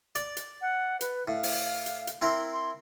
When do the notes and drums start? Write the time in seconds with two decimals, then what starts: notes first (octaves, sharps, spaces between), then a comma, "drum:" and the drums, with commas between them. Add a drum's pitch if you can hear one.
0.15 D5, drum: hi-hat
0.37 drum: hi-hat
0.61 F#5
1.01 B4, drum: hi-hat
1.28 A2 F5
1.43 drum: open hi-hat
1.86 drum: hi-hat
2.07 drum: hi-hat
2.22 C4 E4 A#4 C6
2.53 C6